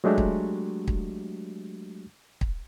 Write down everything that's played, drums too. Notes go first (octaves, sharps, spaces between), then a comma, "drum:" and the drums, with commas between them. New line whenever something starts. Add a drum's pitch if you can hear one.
F#3 G#3 A3 D4 F#4 G4
drum: kick
drum: kick
drum: kick